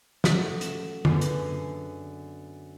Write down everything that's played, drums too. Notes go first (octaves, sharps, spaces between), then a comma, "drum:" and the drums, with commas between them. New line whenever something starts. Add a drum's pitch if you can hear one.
F#3 A3 C#4, drum: snare
E7, drum: hi-hat
F#2 D3 B3 G#4 G#5 C7, drum: tom D3
drum: hi-hat